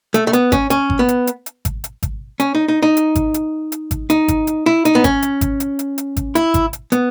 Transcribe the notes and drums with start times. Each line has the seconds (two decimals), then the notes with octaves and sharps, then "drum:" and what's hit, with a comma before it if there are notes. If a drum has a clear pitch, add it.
0.14 A3, drum: hi-hat
0.27 A3
0.33 B3, drum: hi-hat
0.52 C#4, drum: kick G#1, hi-hat
0.70 C#4, drum: hi-hat
0.90 drum: kick G#1
0.99 B3
1.08 drum: hi-hat
1.27 drum: hi-hat
1.46 drum: hi-hat
1.65 drum: kick G#1, hi-hat
1.84 drum: hi-hat
2.03 drum: kick G#1, hi-hat
2.40 C#4, drum: hi-hat
2.55 D#4
2.68 D#4
2.83 D#4
2.97 drum: hi-hat
3.15 drum: kick G#1, hi-hat
3.34 drum: hi-hat
3.72 drum: hi-hat
3.91 drum: kick G#1, hi-hat
4.10 D#4, drum: hi-hat
4.28 drum: kick G#1, hi-hat
4.47 drum: hi-hat
4.66 E4
4.85 D#4, drum: hi-hat
4.95 B3
5.04 C#4, drum: kick G#1, hi-hat
5.22 drum: hi-hat
5.41 drum: kick G#1, hi-hat
5.60 drum: hi-hat
5.79 drum: hi-hat
5.98 drum: hi-hat
6.17 drum: kick G#1, hi-hat
6.35 E4, drum: hi-hat
6.54 drum: kick G#1, hi-hat
6.73 drum: hi-hat
6.92 B3, drum: hi-hat